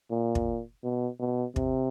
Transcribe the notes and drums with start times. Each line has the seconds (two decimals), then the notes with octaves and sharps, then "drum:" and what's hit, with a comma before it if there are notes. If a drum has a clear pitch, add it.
0.11 A#2
0.35 drum: kick
0.83 B2
1.20 B2
1.56 C3, drum: kick